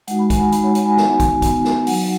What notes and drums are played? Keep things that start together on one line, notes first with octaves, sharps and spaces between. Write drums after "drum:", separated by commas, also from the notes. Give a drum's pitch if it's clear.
G#3 D#4 F#4 F#5, drum: hi-hat
B5
G#5, drum: kick, hi-hat
G#3 D#4 F#4 B5, drum: hi-hat
C#5
F#5, drum: hi-hat
G#5
B3 D#4 F#4 G#5, drum: snare
drum: kick, hi-hat
B3 D#4 F#4, drum: kick, hi-hat
drum: snare
F#3 D#4 F#4 F#5, drum: open hi-hat